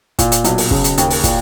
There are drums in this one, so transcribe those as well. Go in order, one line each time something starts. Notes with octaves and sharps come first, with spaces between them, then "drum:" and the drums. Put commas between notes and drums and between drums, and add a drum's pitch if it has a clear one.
A#2, drum: kick, hi-hat
drum: hi-hat
B1, drum: hi-hat
drum: open hi-hat
C#3, drum: kick
drum: hi-hat
D#2, drum: hi-hat
drum: open hi-hat
A#2, drum: kick, hi-hat